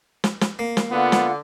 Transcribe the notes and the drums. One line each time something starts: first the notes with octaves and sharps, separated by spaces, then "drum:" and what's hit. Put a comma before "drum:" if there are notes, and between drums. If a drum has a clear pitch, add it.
drum: snare
drum: snare
A#3
drum: snare
D3 B3 F4 F#5
drum: snare